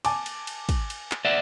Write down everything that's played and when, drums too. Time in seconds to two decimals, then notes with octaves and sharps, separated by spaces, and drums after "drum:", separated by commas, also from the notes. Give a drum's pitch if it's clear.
0.05 G#5 A5 D6, drum: cymbal
0.26 drum: cymbal
0.47 drum: cymbal
0.69 drum: kick, cymbal
0.90 drum: cymbal
1.11 drum: clap
1.25 D5 E5 F#5